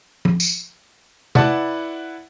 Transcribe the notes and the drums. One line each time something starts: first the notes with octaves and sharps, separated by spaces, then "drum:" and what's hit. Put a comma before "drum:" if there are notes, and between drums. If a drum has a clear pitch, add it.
drum: tom
drum: tambourine
E4 B4 D5 F#5 A5, drum: tom